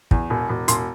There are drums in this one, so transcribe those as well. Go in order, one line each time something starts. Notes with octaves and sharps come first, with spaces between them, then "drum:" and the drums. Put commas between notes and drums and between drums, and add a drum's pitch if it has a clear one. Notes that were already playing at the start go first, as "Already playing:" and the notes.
E2, drum: kick
E1
E1
E1 C6, drum: hi-hat